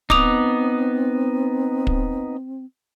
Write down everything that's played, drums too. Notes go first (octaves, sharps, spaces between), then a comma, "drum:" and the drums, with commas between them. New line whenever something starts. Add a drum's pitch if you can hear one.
B3 C4 D#4 D6 D#6 F7, drum: kick
drum: kick